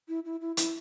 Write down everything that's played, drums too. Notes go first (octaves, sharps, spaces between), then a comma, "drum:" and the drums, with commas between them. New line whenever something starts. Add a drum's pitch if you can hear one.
E4
E4
E4
E4, drum: hi-hat